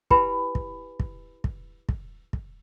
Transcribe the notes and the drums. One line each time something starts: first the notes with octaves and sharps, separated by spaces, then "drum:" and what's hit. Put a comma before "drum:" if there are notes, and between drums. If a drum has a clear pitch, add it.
E4 G4 B4 G#5 B5, drum: kick
drum: kick
drum: kick
drum: kick
drum: kick
drum: kick